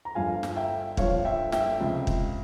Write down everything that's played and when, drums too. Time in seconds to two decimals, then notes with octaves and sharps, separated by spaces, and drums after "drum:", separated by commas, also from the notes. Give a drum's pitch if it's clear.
0.05 A#5
0.15 G1 G2 F3 F5 G#5
0.43 drum: snare
0.56 E5 G5
0.97 G1 G2 F3 C#5 F5, drum: kick
1.25 E5 G5
1.52 E5 G5, drum: snare
1.80 C#2 C3 F3
2.07 drum: kick